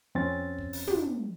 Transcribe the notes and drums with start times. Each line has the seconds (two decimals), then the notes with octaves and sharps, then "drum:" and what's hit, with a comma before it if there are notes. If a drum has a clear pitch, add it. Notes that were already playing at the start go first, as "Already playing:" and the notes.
0.15 F2 C4 C#4 A6
0.58 drum: kick
0.73 drum: open hi-hat
0.87 drum: tom